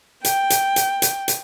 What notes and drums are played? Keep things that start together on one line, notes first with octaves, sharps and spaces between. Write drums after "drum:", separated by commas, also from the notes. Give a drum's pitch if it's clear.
G5, drum: hi-hat
drum: hi-hat
drum: hi-hat
drum: hi-hat
drum: hi-hat